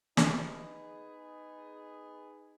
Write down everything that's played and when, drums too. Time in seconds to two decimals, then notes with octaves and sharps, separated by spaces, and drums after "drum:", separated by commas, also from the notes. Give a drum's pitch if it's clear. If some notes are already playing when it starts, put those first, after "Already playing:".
0.17 B3 D#4 G#4, drum: snare